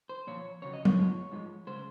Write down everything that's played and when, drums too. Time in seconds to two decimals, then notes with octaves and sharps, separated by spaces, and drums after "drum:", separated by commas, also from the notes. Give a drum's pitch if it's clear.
0.09 C5
0.27 A#2 F3 C#5
0.62 F2 C#3 F#3 C#5
0.73 D#5
0.85 C#5, drum: tom F#3
0.97 G#2 F3 G#3
1.32 G#2 F3 G#3
1.67 C#3 G#3 C5